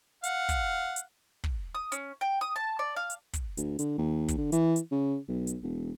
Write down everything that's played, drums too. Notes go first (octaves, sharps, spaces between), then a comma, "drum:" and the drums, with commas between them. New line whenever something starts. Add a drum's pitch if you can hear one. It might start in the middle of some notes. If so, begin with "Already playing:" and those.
F5 F#5, drum: hi-hat
drum: kick, hi-hat
drum: hi-hat
drum: kick
D#6
C#4, drum: hi-hat
G5
D#6
A5
D5
F5
drum: hi-hat
drum: kick, hi-hat
D2, drum: hi-hat
D3, drum: hi-hat
D#2
drum: kick, hi-hat
D3
E3, drum: hi-hat
drum: hi-hat
C#3
B1
drum: hi-hat
E1